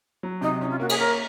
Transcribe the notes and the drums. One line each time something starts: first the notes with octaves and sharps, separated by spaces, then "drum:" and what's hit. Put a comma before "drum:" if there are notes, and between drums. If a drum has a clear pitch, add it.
F#3
C3 D#4
C#4 D#4
F4
A#3 F#4
G#4, drum: cymbal
A#4 C#5